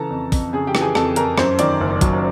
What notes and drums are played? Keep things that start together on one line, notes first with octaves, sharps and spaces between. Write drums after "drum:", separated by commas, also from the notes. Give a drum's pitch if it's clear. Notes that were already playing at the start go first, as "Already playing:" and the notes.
Already playing: C#3 E3 A4 A5 A#5
F2
F2, drum: kick, open hi-hat
C#3 G#4 G#5
G4 G5
E3, drum: rim click
G#4 G#5
F2 A4 A5, drum: rim click
F2 A#4 A#5, drum: hi-hat
F#2 C5 C6, drum: rim click
D#3 D5 D6, drum: hi-hat
F#1
F#3, drum: kick, hi-hat